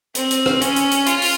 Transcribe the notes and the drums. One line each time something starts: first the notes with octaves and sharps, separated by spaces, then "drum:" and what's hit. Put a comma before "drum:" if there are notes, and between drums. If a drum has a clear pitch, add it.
C4, drum: hi-hat
drum: hi-hat
drum: rim click
C#4, drum: hi-hat
drum: hi-hat
drum: hi-hat
F4, drum: hi-hat
drum: open hi-hat